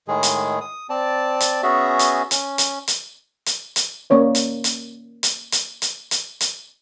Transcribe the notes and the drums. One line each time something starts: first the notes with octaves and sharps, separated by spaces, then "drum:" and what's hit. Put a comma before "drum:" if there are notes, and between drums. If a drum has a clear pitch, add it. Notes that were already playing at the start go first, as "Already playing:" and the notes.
A2 D#3 G#3 G#4
drum: hi-hat
D#6
C4 D5 A5
drum: hi-hat
B3 C#4 F#4 G#4 E5
drum: hi-hat
C#4, drum: hi-hat
drum: hi-hat
drum: hi-hat
drum: hi-hat
drum: hi-hat
A#3 C#4 C#5 D5
drum: hi-hat
drum: hi-hat
drum: hi-hat
drum: hi-hat
drum: hi-hat
drum: hi-hat
drum: hi-hat